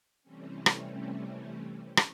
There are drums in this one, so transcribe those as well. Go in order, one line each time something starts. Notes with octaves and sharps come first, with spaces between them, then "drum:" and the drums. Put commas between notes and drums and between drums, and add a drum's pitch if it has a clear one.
C3 E3 G3 A3 C4 C#4
drum: rim click
drum: rim click